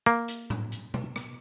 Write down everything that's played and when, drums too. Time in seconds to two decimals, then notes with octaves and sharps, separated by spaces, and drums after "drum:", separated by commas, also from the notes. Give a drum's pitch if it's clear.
0.06 A#3, drum: hi-hat
0.28 drum: hi-hat
0.50 drum: tom A2
0.72 drum: hi-hat
0.94 drum: tom B2
1.16 drum: rim click